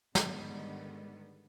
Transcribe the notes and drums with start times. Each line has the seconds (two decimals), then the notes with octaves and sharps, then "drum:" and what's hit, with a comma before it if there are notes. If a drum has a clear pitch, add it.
0.15 G#2 D3 D#3 G3 G#3 B3, drum: snare